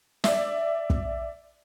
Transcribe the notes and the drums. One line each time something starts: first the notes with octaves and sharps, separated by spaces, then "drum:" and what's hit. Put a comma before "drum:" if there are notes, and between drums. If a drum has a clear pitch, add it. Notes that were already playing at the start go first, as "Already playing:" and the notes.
D5 E5, drum: snare
drum: kick